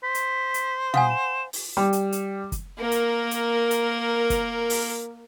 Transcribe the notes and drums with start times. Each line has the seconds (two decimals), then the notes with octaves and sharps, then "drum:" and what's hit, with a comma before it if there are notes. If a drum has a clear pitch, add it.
0.03 C5 B6
0.15 drum: hi-hat
0.54 drum: hi-hat
0.94 F5 F#5 G#5 D#6, drum: tom
1.10 E7
1.53 drum: open hi-hat
1.77 G3
1.93 drum: hi-hat
2.12 drum: hi-hat
2.52 drum: kick, hi-hat
2.79 A#3 A#4
2.92 drum: hi-hat
3.31 drum: hi-hat
3.71 drum: hi-hat
4.30 drum: kick, hi-hat
4.70 drum: open hi-hat